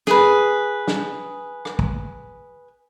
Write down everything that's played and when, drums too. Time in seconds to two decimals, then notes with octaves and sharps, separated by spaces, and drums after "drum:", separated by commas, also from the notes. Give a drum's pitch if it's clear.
0.07 G#4 B4, drum: snare
0.88 drum: snare
1.65 drum: rim click
1.79 drum: kick